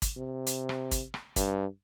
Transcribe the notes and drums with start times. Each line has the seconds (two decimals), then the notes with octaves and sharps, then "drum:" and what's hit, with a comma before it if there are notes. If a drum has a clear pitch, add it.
0.02 drum: kick, hi-hat
0.17 C3
0.47 drum: hi-hat
0.69 drum: rim click
0.91 drum: kick, hi-hat
1.14 drum: rim click
1.36 G2, drum: kick, hi-hat